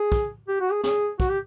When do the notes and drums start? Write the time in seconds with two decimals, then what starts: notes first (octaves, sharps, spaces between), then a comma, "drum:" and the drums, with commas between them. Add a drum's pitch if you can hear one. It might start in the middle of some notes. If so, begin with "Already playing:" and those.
Already playing: G#4
0.12 drum: kick
0.48 G4
0.60 F#4
0.72 G#4
0.83 G#4, drum: snare
1.20 F#4, drum: kick
1.29 G4